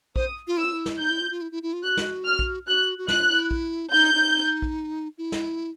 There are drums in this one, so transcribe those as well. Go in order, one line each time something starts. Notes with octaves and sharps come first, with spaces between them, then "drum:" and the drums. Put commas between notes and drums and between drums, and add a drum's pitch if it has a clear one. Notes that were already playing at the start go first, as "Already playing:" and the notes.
C5 D#6, drum: kick A#1
F4
E4 E6
F4
E4
drum: snare
D#4 G6
E4
F4
F4
E4
E4
E4
F4
F#4 F#6
drum: snare
F6
drum: kick A#1
F#4 F#6
F#4
F4 F#6, drum: snare
E4
drum: kick A#1
D#4 G6
D#4
drum: kick A#1
E4
drum: snare